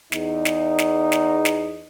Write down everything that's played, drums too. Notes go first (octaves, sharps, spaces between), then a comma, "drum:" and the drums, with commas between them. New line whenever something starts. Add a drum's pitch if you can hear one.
E2 D#4, drum: snare
drum: snare
drum: snare
drum: snare
drum: snare